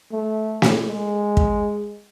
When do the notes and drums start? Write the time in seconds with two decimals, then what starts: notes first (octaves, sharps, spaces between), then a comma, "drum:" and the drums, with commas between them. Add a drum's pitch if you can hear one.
0.12 A3
0.62 drum: snare
0.87 G#3
1.37 drum: kick